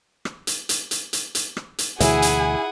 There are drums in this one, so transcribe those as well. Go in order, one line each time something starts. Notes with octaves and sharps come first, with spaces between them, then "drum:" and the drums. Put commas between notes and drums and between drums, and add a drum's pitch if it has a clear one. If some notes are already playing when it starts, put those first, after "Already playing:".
drum: rim click
drum: hi-hat
drum: hi-hat
drum: hi-hat
drum: hi-hat
drum: hi-hat
drum: rim click
drum: hi-hat
D2 B2 E3 E4 G#4 F#5 G#5, drum: hi-hat
drum: hi-hat